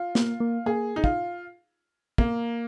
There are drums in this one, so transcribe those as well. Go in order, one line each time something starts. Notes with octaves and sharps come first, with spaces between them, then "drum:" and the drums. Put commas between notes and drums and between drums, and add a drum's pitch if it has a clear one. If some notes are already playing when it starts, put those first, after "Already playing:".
Already playing: F4
A#3, drum: snare
A#3
A#3 G#4
D#4
F4, drum: kick
A#3, drum: kick